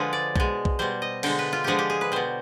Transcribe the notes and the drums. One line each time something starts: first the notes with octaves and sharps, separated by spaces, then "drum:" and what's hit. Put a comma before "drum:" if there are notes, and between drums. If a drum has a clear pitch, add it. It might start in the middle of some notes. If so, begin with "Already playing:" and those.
Already playing: D3 F3 G#3 G#4 B4
D5
B2 G#3, drum: kick B1
drum: kick B1
B2 G3 C5
D#5
D3 G#3 G5, drum: cymbal
B4
F4
D3 F3 G#3 G4 G#4
G4
G#4
B4
B2 G3 C5